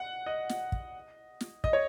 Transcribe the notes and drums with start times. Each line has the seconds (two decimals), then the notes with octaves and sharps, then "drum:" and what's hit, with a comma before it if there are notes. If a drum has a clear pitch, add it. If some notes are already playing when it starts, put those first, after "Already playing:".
Already playing: F#5
0.26 D#5
0.49 drum: snare
0.72 drum: kick
1.41 drum: snare
1.64 D#5, drum: kick
1.73 C#5